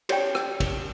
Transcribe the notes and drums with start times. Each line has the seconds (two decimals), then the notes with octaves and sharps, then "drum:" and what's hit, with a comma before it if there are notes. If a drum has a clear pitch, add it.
0.09 G4 C#5 D5 G5, drum: cymbal
0.35 drum: rim click
0.60 drum: kick, cymbal